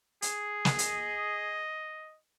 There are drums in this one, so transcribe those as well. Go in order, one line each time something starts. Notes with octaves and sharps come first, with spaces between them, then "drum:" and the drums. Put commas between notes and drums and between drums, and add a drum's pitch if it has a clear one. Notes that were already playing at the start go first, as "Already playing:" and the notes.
G#4, drum: hi-hat
drum: snare
D#5, drum: hi-hat